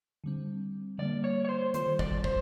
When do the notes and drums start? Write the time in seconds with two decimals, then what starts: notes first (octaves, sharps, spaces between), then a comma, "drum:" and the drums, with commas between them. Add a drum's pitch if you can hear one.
0.24 D3 G3 C4
0.98 D3 G3 A#3 D5
1.24 C#5
1.45 C#5
1.49 C5
1.74 D#3 G3 C4 F4 A4 C5, drum: hi-hat
1.99 D5, drum: kick
2.24 C5, drum: kick